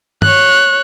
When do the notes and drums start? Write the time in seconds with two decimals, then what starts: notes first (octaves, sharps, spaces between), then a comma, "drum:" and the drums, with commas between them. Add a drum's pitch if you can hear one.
0.22 C#5 F#6, drum: tom